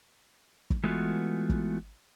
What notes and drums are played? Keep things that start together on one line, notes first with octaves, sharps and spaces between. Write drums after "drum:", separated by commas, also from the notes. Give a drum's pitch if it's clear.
drum: kick
E3 G#3 A3 B3 F4 F#4
drum: kick